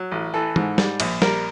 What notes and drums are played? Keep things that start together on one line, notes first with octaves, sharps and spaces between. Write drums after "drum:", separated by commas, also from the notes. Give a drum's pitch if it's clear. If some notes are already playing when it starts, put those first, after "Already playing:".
Already playing: F#3
A1
E3 A4
G#2, drum: tom
G3, drum: snare
A#1, drum: cymbal
G3 A#4, drum: snare